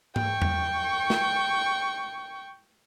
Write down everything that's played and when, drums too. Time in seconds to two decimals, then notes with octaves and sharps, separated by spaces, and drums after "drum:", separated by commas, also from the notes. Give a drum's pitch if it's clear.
0.16 G5 C#6, drum: tom G#2
0.42 drum: tom E2
1.10 drum: snare